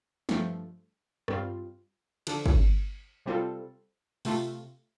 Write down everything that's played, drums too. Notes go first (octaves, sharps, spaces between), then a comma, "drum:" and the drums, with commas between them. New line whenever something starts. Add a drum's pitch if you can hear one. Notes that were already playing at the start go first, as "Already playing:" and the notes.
G2 F3 A3, drum: snare
G2 G3 C4 F4, drum: rim click
D3 F3 D4 A4, drum: cymbal
drum: kick
C3 G3 C4 F4 A4
C3 A3 F4, drum: open hi-hat